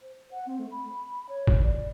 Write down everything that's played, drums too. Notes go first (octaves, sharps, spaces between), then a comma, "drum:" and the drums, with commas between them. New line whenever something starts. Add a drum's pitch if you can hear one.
C5
F#5
C4
A3
B5
C#5
drum: kick
D5